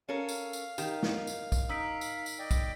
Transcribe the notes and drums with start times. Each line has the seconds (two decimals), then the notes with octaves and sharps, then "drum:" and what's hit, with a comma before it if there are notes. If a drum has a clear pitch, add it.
0.09 C#4 A4 A#4 F5
0.29 drum: tambourine
0.53 drum: tambourine
0.78 D#3 G4, drum: tambourine
1.03 drum: snare
1.27 drum: tambourine
1.52 drum: kick, tambourine
1.69 D#4 E6 B6 D7
2.01 drum: tambourine
2.26 drum: tambourine
2.39 D5 D#5 G5
2.51 drum: kick, tambourine